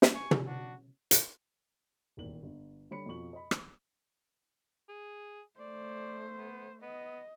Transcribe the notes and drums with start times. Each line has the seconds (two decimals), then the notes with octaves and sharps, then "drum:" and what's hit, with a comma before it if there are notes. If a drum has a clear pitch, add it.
0.02 drum: snare
0.14 G#5 C#6
0.31 drum: tom
0.46 D4 F#4
1.11 drum: hi-hat
2.17 D#1 G#1 E2 F#7
2.43 G1
2.91 D3 G3 C#5 B5 C#7
3.06 F2 B2 F3 C#6 F#7
3.33 D#5 B5
3.51 drum: rim click
4.89 G#4
5.60 A3 C5 D5
6.38 B3
6.82 B3 D#5